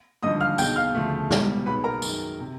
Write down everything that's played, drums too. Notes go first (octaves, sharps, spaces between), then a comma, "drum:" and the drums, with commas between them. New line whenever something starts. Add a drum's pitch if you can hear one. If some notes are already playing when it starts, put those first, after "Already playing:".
G#1 G2 D3 F3 D#5 D#6
F5 F6
B1 B2 G#3 G5 G6, drum: tambourine
F5 F6
D2 C#3 F3 A3
E1 E2 B2 G3, drum: snare
B1 B2 G#3 B4 B5
A#4 A#5
F#2 D#3 G#3, drum: tambourine
C3